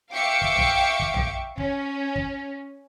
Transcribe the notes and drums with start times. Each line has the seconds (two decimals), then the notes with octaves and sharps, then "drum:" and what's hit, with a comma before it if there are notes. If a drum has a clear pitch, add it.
0.15 E5 F5 G5 C#6 D6 C#7
0.42 drum: kick
0.56 drum: tom A#1
1.00 drum: kick
1.14 drum: tom A#1
1.58 C#4, drum: kick
2.16 drum: kick